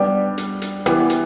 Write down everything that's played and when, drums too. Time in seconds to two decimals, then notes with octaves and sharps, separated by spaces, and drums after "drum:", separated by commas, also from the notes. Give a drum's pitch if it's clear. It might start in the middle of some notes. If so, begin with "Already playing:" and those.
Already playing: G3 B3 D4 G4
0.38 drum: hi-hat
0.62 drum: hi-hat
0.86 E3 B3 E4 G4, drum: rim click
1.10 drum: hi-hat